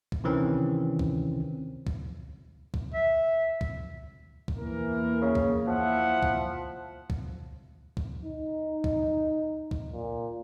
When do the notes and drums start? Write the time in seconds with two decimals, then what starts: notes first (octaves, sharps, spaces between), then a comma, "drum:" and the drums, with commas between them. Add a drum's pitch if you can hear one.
0.12 drum: kick
0.24 C3 D#3 E3 C4 C#4
0.99 drum: kick
1.87 drum: kick
2.74 drum: kick
2.94 E5
3.61 drum: kick
4.48 drum: kick
4.58 E2 E3 A#3 A#4
5.22 C#3
5.35 drum: kick
5.68 F3 E4 E5 F#5
6.23 drum: kick
7.10 drum: kick
7.97 drum: kick
8.25 D#4
8.84 drum: kick
9.71 drum: kick
9.93 A#2